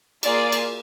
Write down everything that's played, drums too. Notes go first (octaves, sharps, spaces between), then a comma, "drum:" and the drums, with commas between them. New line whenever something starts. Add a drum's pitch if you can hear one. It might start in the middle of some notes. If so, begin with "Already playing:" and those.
A#3 F4 G#4 D5, drum: cymbal
drum: cymbal